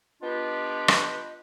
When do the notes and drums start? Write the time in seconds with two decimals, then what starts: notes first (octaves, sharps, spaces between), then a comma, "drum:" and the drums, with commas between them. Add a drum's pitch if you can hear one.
0.22 B3 D4 F4 G4 B4 D#5
0.88 drum: rim click